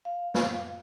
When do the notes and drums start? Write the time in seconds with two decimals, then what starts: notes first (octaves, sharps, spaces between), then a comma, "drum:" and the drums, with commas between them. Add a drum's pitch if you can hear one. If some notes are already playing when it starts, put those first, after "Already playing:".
0.05 F5
0.34 drum: snare